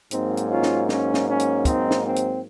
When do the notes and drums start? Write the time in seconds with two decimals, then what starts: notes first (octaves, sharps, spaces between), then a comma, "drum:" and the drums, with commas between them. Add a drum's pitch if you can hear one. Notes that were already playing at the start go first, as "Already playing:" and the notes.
0.11 G#2 F#3 A#3 C4 D#4, drum: hi-hat
0.37 drum: hi-hat
0.49 C#4 F4
0.63 drum: snare
0.89 C#4, drum: snare
1.14 drum: snare
1.27 C#4
1.40 drum: hi-hat
1.65 C4 D#4, drum: kick, hi-hat
1.91 drum: snare
2.03 C4
2.16 drum: hi-hat